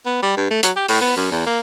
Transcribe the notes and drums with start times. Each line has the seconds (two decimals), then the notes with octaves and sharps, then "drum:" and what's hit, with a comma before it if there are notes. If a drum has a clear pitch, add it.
0.06 B3
0.22 G3
0.37 G2
0.50 A3
0.63 F#3, drum: hi-hat
0.76 G4
0.88 A2, drum: open hi-hat
1.01 B3
1.17 F#2
1.31 E2
1.46 A#3